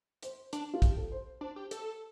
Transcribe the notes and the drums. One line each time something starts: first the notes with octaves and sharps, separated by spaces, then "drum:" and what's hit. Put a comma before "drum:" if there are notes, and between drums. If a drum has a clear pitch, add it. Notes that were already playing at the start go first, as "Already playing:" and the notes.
C5, drum: hi-hat
D4, drum: hi-hat
F4
G4, drum: kick, hi-hat
A4
C5
D4 C5
G4
A4, drum: hi-hat